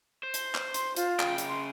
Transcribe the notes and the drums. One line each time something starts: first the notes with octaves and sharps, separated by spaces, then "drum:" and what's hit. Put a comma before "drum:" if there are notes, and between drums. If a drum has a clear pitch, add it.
C5
drum: hi-hat
drum: clap
C6, drum: hi-hat
F4, drum: hi-hat
C#3 G5, drum: clap
drum: hi-hat
C6